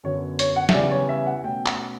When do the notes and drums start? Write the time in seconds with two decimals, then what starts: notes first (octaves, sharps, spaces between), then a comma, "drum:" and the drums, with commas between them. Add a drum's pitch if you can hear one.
0.04 F#2 D3 F#3 B3 C#5
0.39 C#5, drum: hi-hat
0.56 F#5
0.69 E5, drum: snare
0.74 E2 C#3 E3 G3 D5
0.91 C#5
1.09 E5
1.26 F#5
1.44 B2 A3 C#4 G5
1.66 F#5, drum: clap